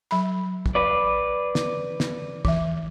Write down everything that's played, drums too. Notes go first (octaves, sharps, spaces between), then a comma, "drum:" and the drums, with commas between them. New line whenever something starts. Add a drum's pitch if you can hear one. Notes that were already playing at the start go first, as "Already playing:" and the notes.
F#3 B5
drum: kick
B4 D5
drum: snare
drum: snare
E3 E5, drum: kick